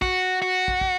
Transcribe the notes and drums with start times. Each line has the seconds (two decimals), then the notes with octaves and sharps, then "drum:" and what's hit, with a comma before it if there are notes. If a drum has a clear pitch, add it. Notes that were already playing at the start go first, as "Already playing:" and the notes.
0.02 F#4, drum: kick
0.42 F#4
0.68 drum: kick
0.81 drum: kick